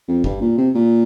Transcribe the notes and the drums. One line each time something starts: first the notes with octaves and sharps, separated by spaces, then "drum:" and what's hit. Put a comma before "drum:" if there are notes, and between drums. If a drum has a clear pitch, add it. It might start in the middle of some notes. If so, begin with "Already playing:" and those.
F2
G2, drum: kick
A#2
C3
A#2